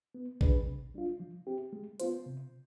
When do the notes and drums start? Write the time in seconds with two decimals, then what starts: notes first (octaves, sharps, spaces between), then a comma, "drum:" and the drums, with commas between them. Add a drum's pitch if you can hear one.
0.15 B3
0.41 D4 G#4 B4, drum: kick A#1
0.67 C3
0.94 G3 D4 F4
1.20 F3
1.47 C4 G4
1.73 G#3
2.00 B3 F4 C5, drum: hi-hat
2.26 C3